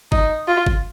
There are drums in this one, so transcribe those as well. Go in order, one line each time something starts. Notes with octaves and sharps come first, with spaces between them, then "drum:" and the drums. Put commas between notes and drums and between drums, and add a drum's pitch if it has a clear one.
D#4, drum: kick G1
F4
drum: kick G1